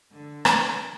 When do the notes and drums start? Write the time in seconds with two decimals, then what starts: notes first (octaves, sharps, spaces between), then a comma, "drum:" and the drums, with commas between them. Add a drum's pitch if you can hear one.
0.12 D3
0.45 drum: rim click